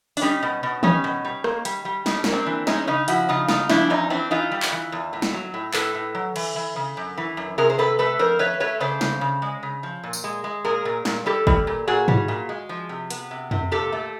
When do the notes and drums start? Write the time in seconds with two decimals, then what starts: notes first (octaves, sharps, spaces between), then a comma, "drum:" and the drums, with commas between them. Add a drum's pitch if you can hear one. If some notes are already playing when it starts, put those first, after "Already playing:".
0.17 D4, drum: open hi-hat
0.22 G3 C#4 D#4
0.43 B2
0.63 B2
0.83 G3 C#4 D#4, drum: tom D#3
1.04 B2
1.25 G3
1.44 A#3, drum: rim click
1.65 G3, drum: hi-hat
1.85 G3
2.06 G3 D#4, drum: snare
2.14 D4
2.24 A#3 C#4, drum: snare
2.33 C4 D4
2.46 E3
2.67 G#3 C#4 D#4, drum: snare
2.87 C#3 C#4 D#4
3.08 F3 E4 F#4, drum: hi-hat
3.29 C#3 D#4 F4
3.49 C#3 D#4 F4, drum: snare
3.70 F3 D4 E4, drum: snare
3.90 E2 C#4 D#4
4.10 E3 C4 D4
4.31 E3 D#4 F4
4.52 G3
4.62 drum: clap
4.72 E3
4.92 E2
5.13 A2
5.22 drum: snare
5.33 F#3
5.54 A2
5.74 A2 A4 B4, drum: clap
5.94 A2
6.15 F#3
6.36 E3, drum: cymbal
6.56 E3
6.76 C#3
6.97 F#2
7.18 E3
7.37 F#2
7.58 C3 G#4 A#4
7.70 C5
7.78 C3 A4 B4
7.99 A3 A4 B4
8.19 F2 A#4 C5
8.39 A3 B4 C#5
8.60 A3 B4 C#5
8.80 C#3 C5 D5
9.01 C#3, drum: snare
9.21 C#3
9.42 G#3
9.63 C#3
9.83 F3
10.03 A#2
10.13 drum: tambourine
10.24 G#3
10.44 G#3
10.65 A#2 G#4 A#4
10.85 A#2
11.05 A#2, drum: snare
11.26 G3 G4 A4
11.47 G3, drum: kick G#1
11.67 A#2
11.88 A#2 F#4 G#4
12.08 G3, drum: tom G#2
12.28 A#2
12.49 G#3
12.69 F3
12.89 C3
13.10 B3, drum: hi-hat
13.31 C3
13.51 C3, drum: tom F2
13.71 A#2 G4 A4
13.93 A3